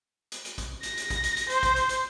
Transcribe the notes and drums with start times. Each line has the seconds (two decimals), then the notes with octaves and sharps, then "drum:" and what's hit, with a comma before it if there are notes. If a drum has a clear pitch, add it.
0.32 drum: hi-hat
0.45 drum: hi-hat
0.58 drum: kick, hi-hat
0.83 A#6, drum: hi-hat
0.97 drum: hi-hat
1.10 drum: kick, hi-hat
1.23 drum: hi-hat
1.37 drum: hi-hat
1.50 C5, drum: hi-hat
1.63 drum: kick, hi-hat
1.76 drum: hi-hat
1.89 drum: hi-hat